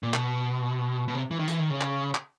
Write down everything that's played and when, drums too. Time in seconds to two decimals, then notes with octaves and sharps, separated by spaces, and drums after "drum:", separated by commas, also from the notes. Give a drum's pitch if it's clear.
0.03 A#2
0.14 B2, drum: clap
1.08 B2
1.15 C3
1.31 E3
1.39 D#3
1.48 E3, drum: hi-hat
1.59 D#3
1.70 C#3
1.81 drum: clap
2.15 drum: clap